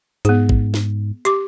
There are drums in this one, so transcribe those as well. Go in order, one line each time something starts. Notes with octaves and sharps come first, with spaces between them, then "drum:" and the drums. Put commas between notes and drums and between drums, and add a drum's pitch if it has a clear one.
G#2 B3 G#4, drum: hi-hat
drum: kick
drum: snare
G4 D6, drum: hi-hat